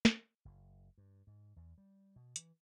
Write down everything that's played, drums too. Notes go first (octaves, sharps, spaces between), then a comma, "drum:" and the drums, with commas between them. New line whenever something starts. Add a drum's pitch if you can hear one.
drum: snare
F#1
G2
G#2
E2
G3
B2
E3, drum: hi-hat